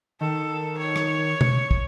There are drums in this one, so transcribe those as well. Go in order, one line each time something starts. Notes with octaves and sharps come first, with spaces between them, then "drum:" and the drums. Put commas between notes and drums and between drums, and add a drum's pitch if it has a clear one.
D#3 A4
C#5
drum: rim click
drum: tom
drum: kick